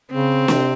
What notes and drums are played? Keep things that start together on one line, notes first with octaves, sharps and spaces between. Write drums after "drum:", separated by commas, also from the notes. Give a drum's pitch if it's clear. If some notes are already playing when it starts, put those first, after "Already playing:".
C#3 C4
C3, drum: snare